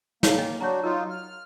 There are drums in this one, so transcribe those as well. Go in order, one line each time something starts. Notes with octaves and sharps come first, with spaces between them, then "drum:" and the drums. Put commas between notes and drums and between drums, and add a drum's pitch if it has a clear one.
A#3 C#5 F#5, drum: snare
D#5 G5 G#5
F#3 D4 F#4 C#5 A#5
F#3 D#4 F4 A#4
F6